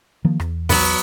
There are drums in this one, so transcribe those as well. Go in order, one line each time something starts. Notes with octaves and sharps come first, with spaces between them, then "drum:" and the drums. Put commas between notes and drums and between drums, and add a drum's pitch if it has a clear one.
D#3 F3 A#3
E2, drum: rim click
F#3 B3, drum: kick, open hi-hat